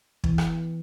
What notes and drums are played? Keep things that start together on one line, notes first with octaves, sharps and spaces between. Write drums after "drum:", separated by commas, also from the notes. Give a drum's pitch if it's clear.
E3, drum: kick
drum: rim click